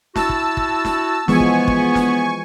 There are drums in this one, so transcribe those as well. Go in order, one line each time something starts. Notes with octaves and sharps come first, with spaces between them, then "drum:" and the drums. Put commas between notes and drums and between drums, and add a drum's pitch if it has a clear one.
E4 F#4 A5 E6, drum: snare
drum: kick
drum: kick
drum: snare
E3 F3 G#3 B3 G#5 C#6, drum: snare
drum: kick
drum: kick
drum: snare